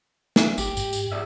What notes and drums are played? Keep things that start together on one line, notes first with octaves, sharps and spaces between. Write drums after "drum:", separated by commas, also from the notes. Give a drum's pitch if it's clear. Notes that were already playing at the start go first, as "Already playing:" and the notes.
drum: snare
G#1 G4, drum: tambourine
G#2, drum: tambourine
drum: tambourine
G#4 D5 E5